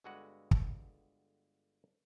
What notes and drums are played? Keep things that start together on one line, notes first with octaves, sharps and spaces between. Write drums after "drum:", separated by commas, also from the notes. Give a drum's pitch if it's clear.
G1 D3 G#3 F#4 B4 F#5
drum: kick